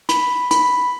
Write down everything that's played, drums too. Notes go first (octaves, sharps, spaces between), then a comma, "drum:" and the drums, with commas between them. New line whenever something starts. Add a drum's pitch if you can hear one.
B5, drum: hi-hat
B5, drum: hi-hat